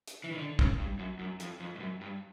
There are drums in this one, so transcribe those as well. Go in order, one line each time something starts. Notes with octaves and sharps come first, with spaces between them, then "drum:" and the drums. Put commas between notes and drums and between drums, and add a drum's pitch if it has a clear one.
drum: hi-hat
E3
D#3
D3
C#3, drum: kick
G2
F#2
F#2
F2, drum: hi-hat
F2
G2
F#2
G2